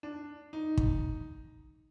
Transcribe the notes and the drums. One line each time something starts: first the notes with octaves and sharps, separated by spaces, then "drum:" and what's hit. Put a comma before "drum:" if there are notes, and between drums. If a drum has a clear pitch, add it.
D4
D#4
drum: kick